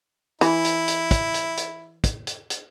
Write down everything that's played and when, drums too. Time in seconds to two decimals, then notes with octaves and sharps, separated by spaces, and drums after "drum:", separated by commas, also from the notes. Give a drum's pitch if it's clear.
0.41 E3 E4, drum: hi-hat
0.64 drum: hi-hat
0.88 drum: hi-hat
1.11 drum: kick, hi-hat
1.34 drum: hi-hat
1.57 drum: hi-hat
2.04 drum: kick, hi-hat
2.27 drum: hi-hat
2.50 drum: hi-hat